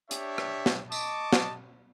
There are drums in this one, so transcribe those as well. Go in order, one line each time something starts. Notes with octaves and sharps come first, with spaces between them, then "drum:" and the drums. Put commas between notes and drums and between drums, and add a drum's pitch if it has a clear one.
D4 G4 C#5 E5, drum: hi-hat
drum: rim click
drum: snare
D#5 A5 C#6 D6, drum: tambourine
drum: snare